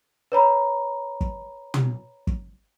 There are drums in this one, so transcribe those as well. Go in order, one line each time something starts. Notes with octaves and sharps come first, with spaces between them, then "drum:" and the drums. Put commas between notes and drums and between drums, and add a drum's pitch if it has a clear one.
B4 C#5 A#5 B5
drum: kick
drum: tom
drum: kick